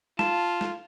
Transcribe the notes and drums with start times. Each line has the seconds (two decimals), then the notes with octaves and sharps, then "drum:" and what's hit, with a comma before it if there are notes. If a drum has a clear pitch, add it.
0.19 F4 A5, drum: snare
0.61 drum: snare